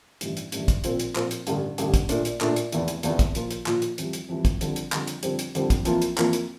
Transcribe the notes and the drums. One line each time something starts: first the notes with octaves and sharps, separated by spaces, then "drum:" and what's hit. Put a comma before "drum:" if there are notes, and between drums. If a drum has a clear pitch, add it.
A1 G2 E3, drum: hi-hat
drum: hi-hat
A1 G2 E3, drum: hi-hat
drum: kick, hi-hat
A#2 F3 C4 F4, drum: hi-hat
drum: hi-hat
A#2 F3 C4 F4, drum: clap
drum: hi-hat
A1 G2 D3, drum: hi-hat
A1 G2 D3, drum: hi-hat
drum: kick, hi-hat
A#2 A3 D4, drum: hi-hat
drum: hi-hat
A#2 A3 D4, drum: clap
drum: hi-hat
F1 E2 E3, drum: hi-hat
drum: hi-hat
F1 E2 E3, drum: hi-hat
drum: kick, hi-hat
A#2 F3 A#3 F4, drum: hi-hat
drum: hi-hat
A#2 F3 A#3 F4, drum: clap
drum: hi-hat
F2 E3 G3, drum: hi-hat
drum: hi-hat
F2 E3 G3
drum: kick, hi-hat
F2 D3 G3, drum: hi-hat
drum: hi-hat
F2 D3 G3, drum: clap
drum: hi-hat
F2 D3 G3 C4 G4, drum: hi-hat
drum: hi-hat
F2 D3 G3 C4 G4, drum: hi-hat
drum: kick, hi-hat
F2 E3 A#3 F4, drum: hi-hat
drum: hi-hat
F2 E3 A#3 F4, drum: clap
drum: hi-hat